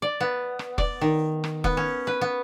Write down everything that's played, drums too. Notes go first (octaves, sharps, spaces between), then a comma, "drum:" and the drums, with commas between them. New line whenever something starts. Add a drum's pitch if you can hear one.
D5
B3
drum: rim click
D5, drum: kick E1
D#3
drum: rim click
B3, drum: kick E1
C#4
B4
B3